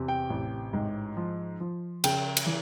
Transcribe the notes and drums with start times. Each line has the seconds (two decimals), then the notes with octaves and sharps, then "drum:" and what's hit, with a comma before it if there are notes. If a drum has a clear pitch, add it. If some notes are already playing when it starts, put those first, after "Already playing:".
Already playing: E2 C3
0.08 G5
0.30 A1
0.73 G#2
1.17 F3
1.60 F3
2.04 C#3 G5, drum: cymbal
2.37 drum: cymbal
2.46 E3